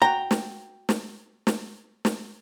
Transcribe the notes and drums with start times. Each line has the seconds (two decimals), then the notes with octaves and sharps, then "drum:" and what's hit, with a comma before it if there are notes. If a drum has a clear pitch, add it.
0.02 F#4 G5 A#5
0.31 drum: snare
0.89 drum: snare
1.47 drum: snare
2.05 drum: snare